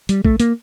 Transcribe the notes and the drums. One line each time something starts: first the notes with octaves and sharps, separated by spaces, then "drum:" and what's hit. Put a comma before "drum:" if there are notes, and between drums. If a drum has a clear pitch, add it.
G3, drum: hi-hat
A3, drum: kick
A#3, drum: hi-hat